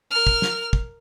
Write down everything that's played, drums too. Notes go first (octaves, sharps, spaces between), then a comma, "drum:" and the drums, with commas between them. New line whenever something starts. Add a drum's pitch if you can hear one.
A#4 F6
drum: kick
drum: snare
drum: kick